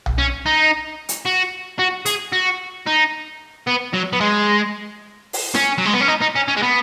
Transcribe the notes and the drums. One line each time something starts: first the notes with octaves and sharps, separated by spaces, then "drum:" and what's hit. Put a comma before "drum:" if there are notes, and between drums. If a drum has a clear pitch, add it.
drum: tom B1
C#4
D#4
drum: hi-hat
F#4
F#4
G#4, drum: hi-hat
F#4
D#4
B3
F#3
B3
G#3
drum: open hi-hat
C#4, drum: rim click
F#3
G#3
B3
C#4
D#4
D#4
C#4
C#4
G#3
B3